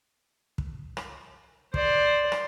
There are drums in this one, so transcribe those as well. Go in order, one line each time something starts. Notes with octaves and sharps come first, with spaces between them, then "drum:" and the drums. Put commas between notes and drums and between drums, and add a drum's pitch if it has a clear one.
drum: kick
drum: rim click
C5 D5, drum: kick
drum: rim click